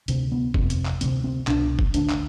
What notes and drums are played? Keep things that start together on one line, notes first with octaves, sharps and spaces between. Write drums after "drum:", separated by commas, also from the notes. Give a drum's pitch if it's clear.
D2 C3 C4, drum: hi-hat
B3
F2 C3 C4, drum: kick
drum: hi-hat
drum: clap
D2 C3 C4, drum: hi-hat
C4
C2 B2 D4, drum: clap
drum: kick
D2 D3 D4, drum: hi-hat
drum: clap